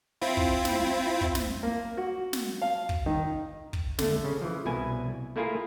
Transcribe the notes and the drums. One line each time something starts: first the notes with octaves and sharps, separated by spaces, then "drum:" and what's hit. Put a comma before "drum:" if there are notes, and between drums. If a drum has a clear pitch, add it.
C4 E4 F4
drum: kick
drum: snare
drum: kick
drum: snare
A#3
F#4
drum: snare
F5
drum: kick
D#3
drum: kick
D3 A3, drum: snare
C#3
E3 F3
C2 B2 E4 G#5
A3 A#3 E4 F4 G#4 A#4